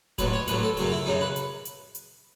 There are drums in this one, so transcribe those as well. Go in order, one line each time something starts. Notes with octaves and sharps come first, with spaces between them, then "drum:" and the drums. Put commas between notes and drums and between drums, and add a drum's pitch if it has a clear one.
A1 A2 F#3 B4, drum: kick D#1, hi-hat
C#5
A1 A2 F#3 B4, drum: hi-hat
A4
F#2 C#3 F#3, drum: open hi-hat
E4
F#2 C#3 F#3 D#4
B4
drum: hi-hat
drum: hi-hat
drum: hi-hat